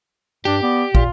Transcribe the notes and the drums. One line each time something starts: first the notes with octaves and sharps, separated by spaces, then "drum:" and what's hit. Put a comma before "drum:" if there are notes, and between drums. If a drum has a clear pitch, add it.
G2 D4 G4
B3 D5
A#2 F4, drum: kick